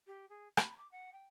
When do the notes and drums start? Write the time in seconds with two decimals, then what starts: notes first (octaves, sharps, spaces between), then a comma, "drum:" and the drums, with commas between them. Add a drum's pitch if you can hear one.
0.06 G4
0.29 G#4
0.57 B5, drum: rim click
0.77 D6
0.91 F#5
1.12 G5